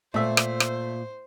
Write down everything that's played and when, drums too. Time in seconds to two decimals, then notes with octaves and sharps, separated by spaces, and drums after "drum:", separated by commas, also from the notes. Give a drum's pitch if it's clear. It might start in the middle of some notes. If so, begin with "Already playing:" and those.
0.14 A#2 A3 C5 E5
0.37 drum: rim click
0.60 drum: rim click